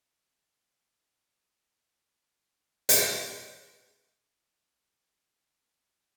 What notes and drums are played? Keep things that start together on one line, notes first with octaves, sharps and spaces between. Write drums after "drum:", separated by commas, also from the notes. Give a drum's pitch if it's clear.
A#3 D#4 G4
C5 D#5 E5 G#5
A#2 A3 C4
C4 E4 B4 D#5
C#6
D7
C#7
drum: hi-hat
E4 G#4 B4